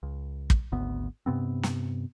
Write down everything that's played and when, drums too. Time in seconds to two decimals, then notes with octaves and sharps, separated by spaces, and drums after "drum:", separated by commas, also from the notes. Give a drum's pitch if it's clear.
0.03 C#2
0.50 drum: kick
0.72 G#1 D2 B3
1.26 G2 C3 B3 C4
1.63 drum: snare